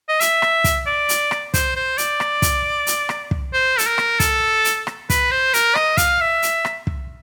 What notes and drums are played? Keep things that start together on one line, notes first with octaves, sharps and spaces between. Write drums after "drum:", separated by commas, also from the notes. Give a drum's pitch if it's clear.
D#5
E5, drum: hi-hat
drum: rim click
drum: kick, hi-hat
D5
drum: hi-hat
drum: rim click
C5, drum: kick, hi-hat
C5
D5, drum: hi-hat
drum: rim click
drum: kick, hi-hat
drum: hi-hat
drum: rim click
drum: kick
C5
A4, drum: hi-hat
A#4
drum: rim click
A4, drum: kick, hi-hat
drum: hi-hat
drum: rim click
B4, drum: kick, hi-hat
C5
A#4, drum: hi-hat
D#5, drum: rim click
F5, drum: kick, hi-hat
E5
drum: hi-hat
drum: rim click
drum: kick